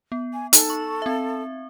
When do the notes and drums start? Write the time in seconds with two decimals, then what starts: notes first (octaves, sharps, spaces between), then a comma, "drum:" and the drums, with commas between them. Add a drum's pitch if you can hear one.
0.12 B3
0.33 G#5
0.53 D#4 A4, drum: hi-hat
0.70 C#6
1.02 C4 E5